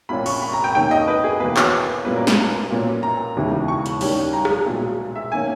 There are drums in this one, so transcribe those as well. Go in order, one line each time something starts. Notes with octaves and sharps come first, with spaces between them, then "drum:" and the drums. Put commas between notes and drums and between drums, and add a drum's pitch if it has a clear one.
A#1 A#2 A#3 C#4 B5
C#6, drum: cymbal
B5
A#5
G5
D#2 D#3 A#3 C#4 G5
D#5
B4
G#4
E2 B2 A#3 B4
C#5, drum: clap
B1 A#2 G3 A#3 C#4 B4
A#4
B4, drum: snare
B1 A#2 A#3 C#4
A#5
E1 D#2 C#3 E3 G#3
C#6
drum: hi-hat
D#2 D#3 G3 C#4, drum: open hi-hat
A#5
drum: rim click
B1 A#2 G#3
E5
D#3 A#3 C#4 G#5